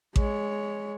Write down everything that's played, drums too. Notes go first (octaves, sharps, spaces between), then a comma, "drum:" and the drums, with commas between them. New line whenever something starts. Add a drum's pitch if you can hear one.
G#3 C#5, drum: kick A1